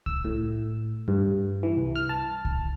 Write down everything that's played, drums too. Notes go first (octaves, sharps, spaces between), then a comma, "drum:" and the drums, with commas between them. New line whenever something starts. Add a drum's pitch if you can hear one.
E6, drum: kick C2
A2
G2
E3
C2
F6
A5
drum: kick C2